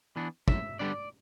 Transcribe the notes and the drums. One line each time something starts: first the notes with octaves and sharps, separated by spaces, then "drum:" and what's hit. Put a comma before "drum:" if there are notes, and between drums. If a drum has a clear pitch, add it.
E3 B3 D4
F#2 E5, drum: kick
D3 G3 B3 D4 D5